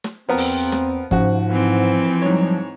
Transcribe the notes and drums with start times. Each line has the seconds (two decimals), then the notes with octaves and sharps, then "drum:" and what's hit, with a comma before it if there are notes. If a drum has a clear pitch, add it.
0.04 drum: snare
0.29 E2 F3 B3 C4 A#4
0.38 drum: open hi-hat
0.72 drum: snare
1.11 G#2 C#3 F3 F#4, drum: kick F#1
1.51 E3 C4
2.22 G#2 F#3 G3 C#5